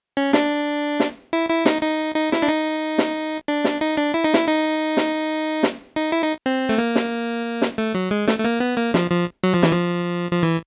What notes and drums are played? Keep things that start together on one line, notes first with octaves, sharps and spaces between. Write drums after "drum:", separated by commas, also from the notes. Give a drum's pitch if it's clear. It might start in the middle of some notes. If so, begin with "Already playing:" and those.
C#4
D4, drum: snare
drum: snare
E4
E4
D#4, drum: snare
D#4
D#4
E4, drum: snare
D4
D#4
drum: snare
D4
drum: snare
D#4
D4
E4
D#4
E4, drum: snare
D#4
drum: snare
drum: snare
D#4
E4
D#4
C4
A3
A#3
drum: snare
drum: snare
A3
F#3
G#3
A3, drum: snare
A3
A#3
B3
A#3
F3, drum: snare
F3
F#3
F3
E3, drum: snare
F3
F3
E3